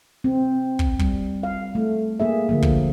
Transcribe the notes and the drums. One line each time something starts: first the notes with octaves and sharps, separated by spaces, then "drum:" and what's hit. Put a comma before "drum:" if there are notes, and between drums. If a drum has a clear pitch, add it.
C4
drum: kick
G3, drum: kick
F5
A3
A#3 G#4 E5
D3 F3 A#3
drum: kick